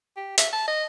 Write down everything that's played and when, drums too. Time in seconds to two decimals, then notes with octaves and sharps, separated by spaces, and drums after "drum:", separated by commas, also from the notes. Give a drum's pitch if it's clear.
0.17 G4
0.38 E5, drum: hi-hat
0.53 A5
0.68 D#5